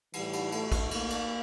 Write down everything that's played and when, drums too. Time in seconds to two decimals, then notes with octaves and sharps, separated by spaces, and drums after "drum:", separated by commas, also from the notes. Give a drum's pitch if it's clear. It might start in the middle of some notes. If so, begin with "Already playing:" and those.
0.13 A2 E3 G3, drum: cymbal
0.33 drum: cymbal
0.52 A3, drum: cymbal
0.72 drum: kick, cymbal
0.91 A#3, drum: cymbal
1.10 drum: cymbal